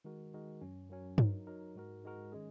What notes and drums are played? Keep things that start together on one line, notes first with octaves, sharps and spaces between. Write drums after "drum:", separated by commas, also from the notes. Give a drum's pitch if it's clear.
D#3 G#3 F#4 A#4
D#3 G#3 F#4 A#4
F#2 F#3 C#4
F#2 F#3 C#4
F#3 D#4 A#4, drum: tom G2
F#3 D#4 A#4
G#2 G#3 F#4 A#4
G#2 G#3 F#4 A#4
D#3 G#3 C#4 G#4